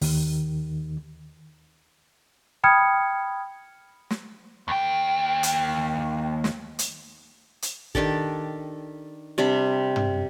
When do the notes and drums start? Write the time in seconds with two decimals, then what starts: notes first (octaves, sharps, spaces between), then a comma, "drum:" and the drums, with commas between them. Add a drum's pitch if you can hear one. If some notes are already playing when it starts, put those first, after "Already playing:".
0.01 D#2 D#3, drum: open hi-hat
2.64 G5 B5 D#6 F6 G#6 C#7
4.10 drum: snare
4.68 D#2 G5
5.43 drum: hi-hat
6.44 drum: snare
6.79 drum: hi-hat
7.62 drum: hi-hat
7.95 D#3 D4 G4 A4, drum: kick
9.38 C3 G3 D4 B5
9.96 drum: tom